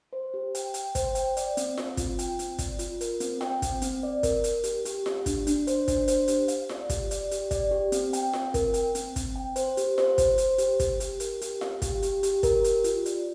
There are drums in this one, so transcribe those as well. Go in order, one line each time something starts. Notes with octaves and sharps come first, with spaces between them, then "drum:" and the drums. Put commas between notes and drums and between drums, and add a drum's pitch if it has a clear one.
C5
G4
G5, drum: hi-hat
G5, drum: hi-hat
C5, drum: kick, hi-hat
G5, drum: hi-hat
D5, drum: hi-hat
C4, drum: hi-hat
C4, drum: snare F4
F4, drum: kick, hi-hat
G5, drum: hi-hat
C4, drum: hi-hat
D5, drum: kick, hi-hat
F4, drum: hi-hat
A#4, drum: hi-hat
C4, drum: hi-hat
G5, drum: snare F4
C4, drum: kick, hi-hat
C4, drum: hi-hat
D5
A#4, drum: kick, hi-hat
A#4, drum: hi-hat
G4, drum: hi-hat
G4, drum: hi-hat
G4, drum: snare F4
D4, drum: kick, hi-hat
D4, drum: hi-hat
C5, drum: hi-hat
D4, drum: kick, hi-hat
C5, drum: hi-hat
G4, drum: hi-hat
F5, drum: hi-hat
D5, drum: snare F4
G4, drum: kick, hi-hat
D5, drum: hi-hat
G4, drum: hi-hat
D5, drum: kick, hi-hat
G4
C4, drum: hi-hat
G5, drum: hi-hat
C4, drum: snare F4
A#4, drum: kick, hi-hat
G5, drum: hi-hat
C4, drum: hi-hat
C4, drum: kick, hi-hat
G5
C5, drum: hi-hat
G4, drum: hi-hat
C5, drum: snare F4
C5, drum: kick, hi-hat
C5, drum: hi-hat
G4, drum: hi-hat
G4, drum: kick, hi-hat
G4, drum: hi-hat
A#4, drum: hi-hat
G4, drum: hi-hat
F5, drum: snare F4
G4, drum: kick, hi-hat
G4, drum: hi-hat
G4, drum: hi-hat
A#4, drum: kick, hi-hat
G4, drum: hi-hat
F4, drum: hi-hat
D5, drum: hi-hat